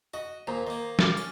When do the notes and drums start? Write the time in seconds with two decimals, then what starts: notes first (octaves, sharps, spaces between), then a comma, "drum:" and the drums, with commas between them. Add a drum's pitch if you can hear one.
0.14 F#4 D#5
0.47 D#2 A#2 C5 A#5
0.67 D#3 A#3
0.99 D6 F6 A6, drum: snare
1.17 C#4 G5